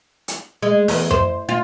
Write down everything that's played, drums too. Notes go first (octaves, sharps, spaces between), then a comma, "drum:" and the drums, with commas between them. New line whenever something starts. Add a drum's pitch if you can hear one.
drum: hi-hat
G#3
E2, drum: open hi-hat
C5, drum: tom F#2
F4